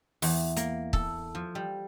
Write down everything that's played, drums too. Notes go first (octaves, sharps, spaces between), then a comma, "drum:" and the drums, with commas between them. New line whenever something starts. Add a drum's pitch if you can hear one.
E2, drum: open hi-hat
A#3, drum: hi-hat
A4, drum: kick
F3
G3